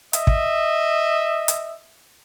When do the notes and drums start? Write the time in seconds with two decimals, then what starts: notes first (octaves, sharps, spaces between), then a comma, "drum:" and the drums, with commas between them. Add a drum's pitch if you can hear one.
0.13 D#5 E5, drum: hi-hat
0.27 drum: kick
1.48 drum: hi-hat